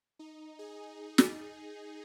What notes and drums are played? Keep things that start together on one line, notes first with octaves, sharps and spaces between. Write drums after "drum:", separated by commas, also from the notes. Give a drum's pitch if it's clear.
D#4
G#4
drum: snare